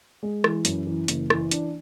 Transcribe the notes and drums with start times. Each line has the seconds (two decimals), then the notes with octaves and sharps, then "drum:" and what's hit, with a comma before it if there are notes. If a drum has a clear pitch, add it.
0.23 G#3
0.44 E3, drum: rim click
0.65 F#2, drum: hi-hat
0.87 E3
1.08 F#1, drum: hi-hat
1.30 E3, drum: rim click
1.51 D4, drum: hi-hat